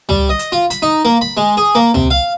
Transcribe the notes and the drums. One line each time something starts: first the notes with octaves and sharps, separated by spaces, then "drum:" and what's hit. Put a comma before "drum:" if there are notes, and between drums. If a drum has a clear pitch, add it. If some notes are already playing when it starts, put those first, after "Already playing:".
G3, drum: tom
D#5
drum: hi-hat
F4
B5, drum: hi-hat
D#4
A#3
B5
G#3
G#4
A#3
C3, drum: tom
F5